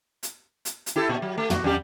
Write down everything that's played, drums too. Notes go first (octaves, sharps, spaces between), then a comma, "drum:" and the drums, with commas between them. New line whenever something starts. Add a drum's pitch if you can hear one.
drum: hi-hat
drum: hi-hat
drum: hi-hat
E4 G4 A4
A#2
F#3
A3
F#4, drum: tom
F2 G3 G4